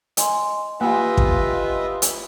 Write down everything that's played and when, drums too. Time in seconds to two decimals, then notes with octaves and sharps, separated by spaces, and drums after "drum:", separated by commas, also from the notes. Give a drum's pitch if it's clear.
0.17 D#5 G#5 C6, drum: hi-hat
0.81 A#3 F4 G4 B4 D#5 E5 G#5
1.17 drum: kick
2.02 drum: hi-hat